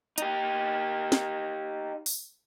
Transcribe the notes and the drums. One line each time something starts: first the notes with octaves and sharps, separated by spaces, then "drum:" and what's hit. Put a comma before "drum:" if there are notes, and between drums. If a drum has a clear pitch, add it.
D#4 G4, drum: hi-hat
drum: snare
drum: open hi-hat